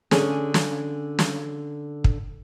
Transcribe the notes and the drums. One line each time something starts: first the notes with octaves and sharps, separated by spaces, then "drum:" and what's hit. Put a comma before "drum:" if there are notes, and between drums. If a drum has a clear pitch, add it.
D3 C#4 G#4, drum: snare
drum: snare
drum: snare
drum: kick